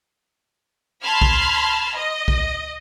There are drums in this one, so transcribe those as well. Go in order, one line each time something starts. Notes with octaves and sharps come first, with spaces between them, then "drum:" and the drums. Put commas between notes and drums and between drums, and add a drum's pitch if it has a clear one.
A5 B5 C6 F6 G#6
drum: kick
D#5
drum: kick